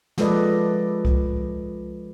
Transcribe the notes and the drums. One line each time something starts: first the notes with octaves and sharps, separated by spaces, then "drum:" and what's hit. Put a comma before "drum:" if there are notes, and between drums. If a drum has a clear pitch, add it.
F3 G#3 A4 B4 D5 D#5, drum: snare
drum: kick C2